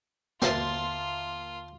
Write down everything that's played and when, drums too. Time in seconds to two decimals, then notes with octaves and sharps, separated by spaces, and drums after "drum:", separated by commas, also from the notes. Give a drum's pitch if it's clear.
0.42 D#2 D3 A#3 F4 E5 A5 C6, drum: snare